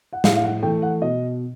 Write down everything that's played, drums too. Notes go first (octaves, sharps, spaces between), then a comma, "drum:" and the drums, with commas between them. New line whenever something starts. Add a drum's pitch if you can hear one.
F#5
A2 F5, drum: snare
F5
F#5
E3 A3 G5
F#5
B2 D#5